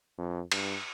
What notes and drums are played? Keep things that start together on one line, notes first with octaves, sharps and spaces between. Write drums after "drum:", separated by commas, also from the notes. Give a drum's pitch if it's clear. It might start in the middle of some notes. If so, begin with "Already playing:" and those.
F2
G2, drum: cymbal